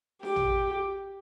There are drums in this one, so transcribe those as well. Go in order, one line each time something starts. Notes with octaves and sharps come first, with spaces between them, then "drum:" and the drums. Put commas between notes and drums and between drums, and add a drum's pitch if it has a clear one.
G4, drum: snare D4
drum: tom